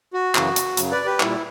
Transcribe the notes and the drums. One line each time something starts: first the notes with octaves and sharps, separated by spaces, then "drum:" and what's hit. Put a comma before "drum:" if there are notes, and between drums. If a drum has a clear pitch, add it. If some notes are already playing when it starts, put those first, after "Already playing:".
F#4
F#2 C#3 E3, drum: clap
drum: hi-hat
F#2 C#3 F#3, drum: hi-hat
B4 D5
G4 B4
A#2 G3 E4, drum: clap